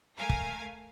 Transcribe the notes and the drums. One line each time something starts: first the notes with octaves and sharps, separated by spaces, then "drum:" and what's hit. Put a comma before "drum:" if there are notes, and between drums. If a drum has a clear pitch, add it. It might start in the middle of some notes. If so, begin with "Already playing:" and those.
A3 A#4 F5 G#5
drum: kick